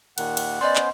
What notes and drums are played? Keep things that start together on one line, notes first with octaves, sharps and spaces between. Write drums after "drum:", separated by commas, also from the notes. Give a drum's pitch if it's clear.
D#2 A#2 D#3 F#5, drum: cymbal
drum: cymbal
B3 C#4 C5 D5 D#5 C6
drum: clap